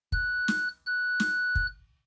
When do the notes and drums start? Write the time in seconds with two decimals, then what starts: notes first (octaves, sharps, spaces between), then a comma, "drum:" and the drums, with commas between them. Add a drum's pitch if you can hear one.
0.12 F#6, drum: kick
0.48 drum: snare
0.86 F#6
1.20 drum: snare
1.55 drum: kick